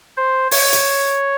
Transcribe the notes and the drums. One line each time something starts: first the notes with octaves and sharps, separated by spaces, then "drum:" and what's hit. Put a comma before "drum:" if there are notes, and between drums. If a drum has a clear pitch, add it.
C5
C#5, drum: open hi-hat
drum: hi-hat